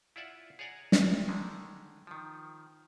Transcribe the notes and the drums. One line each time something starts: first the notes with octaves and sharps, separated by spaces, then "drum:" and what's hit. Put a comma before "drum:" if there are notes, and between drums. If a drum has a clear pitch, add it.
E4 F4 D5 E5 F#5
G#4 C#5 D5 F#5 G#5 A#5
drum: snare
D3 D#3 G#3
D#3 F3